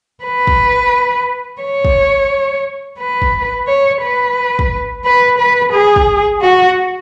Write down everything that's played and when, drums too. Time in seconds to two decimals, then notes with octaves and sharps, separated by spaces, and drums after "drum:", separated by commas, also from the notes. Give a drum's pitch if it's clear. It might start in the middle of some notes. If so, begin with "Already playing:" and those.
0.24 B4
0.47 drum: kick
1.61 C#5
1.85 drum: kick
2.99 B4
3.22 drum: kick
3.67 C#5
4.02 B4
4.59 drum: kick
5.05 B4
5.39 B4
5.73 G#4
5.96 drum: kick
6.41 F#4